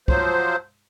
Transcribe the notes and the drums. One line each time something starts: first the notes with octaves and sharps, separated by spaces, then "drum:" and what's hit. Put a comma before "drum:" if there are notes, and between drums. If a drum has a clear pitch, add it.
F3 F#3 C5, drum: kick